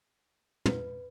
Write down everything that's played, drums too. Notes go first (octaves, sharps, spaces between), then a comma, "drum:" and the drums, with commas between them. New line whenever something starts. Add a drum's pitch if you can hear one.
B4, drum: tom